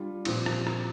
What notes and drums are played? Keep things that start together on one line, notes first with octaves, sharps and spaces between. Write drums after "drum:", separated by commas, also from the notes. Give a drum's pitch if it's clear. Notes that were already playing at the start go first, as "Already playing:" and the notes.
Already playing: G3 D4 F4
A#2 F3 C4 G4, drum: cymbal
drum: rim click
drum: rim click